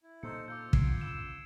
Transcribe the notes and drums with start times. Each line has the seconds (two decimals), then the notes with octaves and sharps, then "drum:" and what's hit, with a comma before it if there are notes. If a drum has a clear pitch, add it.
0.03 E4
0.23 A#2 D#4 A4 C5 C#7
0.48 F4 D6 E6 G6
0.73 D3 B3 G#6 C7 D7, drum: kick
1.01 C#3 E6 E7